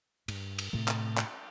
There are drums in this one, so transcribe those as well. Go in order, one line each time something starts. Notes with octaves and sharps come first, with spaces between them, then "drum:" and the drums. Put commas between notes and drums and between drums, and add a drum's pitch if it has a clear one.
G2, drum: cymbal
drum: cymbal
A2 C3 A3
drum: clap
drum: clap